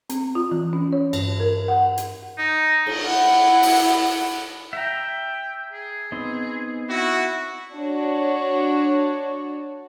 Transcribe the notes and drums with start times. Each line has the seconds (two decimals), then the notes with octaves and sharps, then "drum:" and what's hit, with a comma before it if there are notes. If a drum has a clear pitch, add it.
0.10 C4, drum: hi-hat
0.35 F4
0.51 E3
0.73 C#4
0.93 C#5
1.13 G2, drum: cymbal
1.40 A#4
1.68 F#5
1.98 drum: hi-hat
2.38 D#4
2.86 drum: cymbal
3.06 E4 F#5
3.63 drum: open hi-hat
4.73 E5 G5 A#5
5.73 G#4
6.12 B3 C4 D#4
6.89 E4 F#4
7.75 D4 F#4 C#5